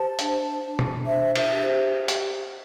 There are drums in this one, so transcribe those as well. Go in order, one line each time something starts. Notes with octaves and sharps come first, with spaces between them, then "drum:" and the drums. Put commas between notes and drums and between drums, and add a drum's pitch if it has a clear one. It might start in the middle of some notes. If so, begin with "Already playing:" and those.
Already playing: G4 C5 A5
D4, drum: hi-hat
D4
drum: tom B2
C5 E5
E5, drum: cymbal
G4
drum: hi-hat